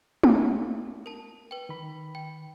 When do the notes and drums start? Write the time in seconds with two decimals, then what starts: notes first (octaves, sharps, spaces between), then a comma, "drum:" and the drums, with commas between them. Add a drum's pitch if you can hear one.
0.24 A5, drum: tom
1.06 A#4 A5
1.51 B4 G5
1.69 D#3 B5
2.15 G5